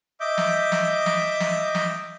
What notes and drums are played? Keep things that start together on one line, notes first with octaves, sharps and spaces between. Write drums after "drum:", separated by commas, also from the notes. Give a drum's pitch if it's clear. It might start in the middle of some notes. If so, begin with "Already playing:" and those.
D#5 E5 D6 G6
drum: snare
drum: snare
drum: snare
drum: snare
drum: snare